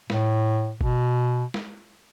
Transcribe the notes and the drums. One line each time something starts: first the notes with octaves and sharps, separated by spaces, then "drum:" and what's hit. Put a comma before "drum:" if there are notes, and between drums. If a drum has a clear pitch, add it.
A2, drum: snare
B2, drum: kick G1
drum: snare